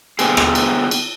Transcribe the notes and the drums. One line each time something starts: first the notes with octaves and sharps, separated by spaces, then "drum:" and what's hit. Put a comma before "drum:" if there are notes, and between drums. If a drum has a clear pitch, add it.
D3 B3 G4 G#4, drum: cymbal
drum: rim click
drum: cymbal
drum: cymbal